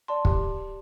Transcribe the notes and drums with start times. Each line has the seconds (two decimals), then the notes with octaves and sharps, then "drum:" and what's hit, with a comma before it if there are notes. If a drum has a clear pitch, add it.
0.08 D5 A5 C6
0.25 G4, drum: kick